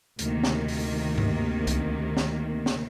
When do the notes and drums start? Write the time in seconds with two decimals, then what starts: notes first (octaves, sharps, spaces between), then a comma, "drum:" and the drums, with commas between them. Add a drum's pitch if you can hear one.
0.19 D2 C3 D#3 A#3, drum: hi-hat
0.43 drum: snare
0.68 drum: open hi-hat
1.18 drum: tom G2
1.67 drum: kick C2, hi-hat
2.17 drum: snare
2.66 drum: snare